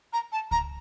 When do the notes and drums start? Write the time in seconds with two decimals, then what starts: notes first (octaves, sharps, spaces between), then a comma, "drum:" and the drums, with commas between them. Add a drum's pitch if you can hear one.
0.13 A#5
0.32 A5
0.51 A#5, drum: kick C#2